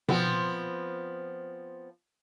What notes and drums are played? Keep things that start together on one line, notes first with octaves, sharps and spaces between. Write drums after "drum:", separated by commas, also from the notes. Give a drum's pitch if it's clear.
F3 B3 C4, drum: tom B2